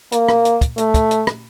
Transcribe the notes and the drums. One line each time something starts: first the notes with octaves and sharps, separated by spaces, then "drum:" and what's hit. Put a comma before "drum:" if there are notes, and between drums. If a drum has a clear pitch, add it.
A#3, drum: hi-hat
drum: rim click
drum: hi-hat
drum: kick, hi-hat
A3, drum: hi-hat
drum: kick, hi-hat
drum: hi-hat
drum: rim click